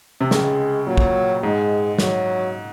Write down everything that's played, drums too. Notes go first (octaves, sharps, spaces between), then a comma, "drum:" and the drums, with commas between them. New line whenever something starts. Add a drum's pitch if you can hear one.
C3
C#2 C#3 G#3, drum: snare
A#2 F#3
drum: kick
G#2 G#3
F#3, drum: snare